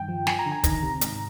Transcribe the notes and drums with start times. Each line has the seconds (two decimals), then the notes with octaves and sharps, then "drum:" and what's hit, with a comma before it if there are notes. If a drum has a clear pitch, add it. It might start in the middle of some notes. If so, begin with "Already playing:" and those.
Already playing: G2 D#3 G5
0.08 F3
0.27 F3 G#5, drum: snare
0.39 A#5
0.46 D3
0.52 G#5
0.64 D#3 A#5, drum: kick, hi-hat
0.82 C3
1.01 G#2, drum: hi-hat